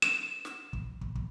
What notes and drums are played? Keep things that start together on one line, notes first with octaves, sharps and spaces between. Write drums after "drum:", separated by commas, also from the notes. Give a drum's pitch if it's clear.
E7, drum: snare
drum: snare
drum: kick
drum: kick
drum: kick